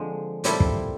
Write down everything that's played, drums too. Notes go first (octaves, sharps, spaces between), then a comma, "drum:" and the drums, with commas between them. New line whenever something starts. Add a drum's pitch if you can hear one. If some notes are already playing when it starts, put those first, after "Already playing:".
Already playing: D3 F3 G#3 C4
A#2 G3 C4 E4 A4, drum: hi-hat
drum: kick